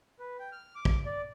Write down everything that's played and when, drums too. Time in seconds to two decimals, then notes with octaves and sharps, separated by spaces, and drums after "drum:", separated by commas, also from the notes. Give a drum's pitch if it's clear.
0.19 B4
0.39 G5
0.52 F6
0.75 D6
0.85 drum: kick
1.06 D5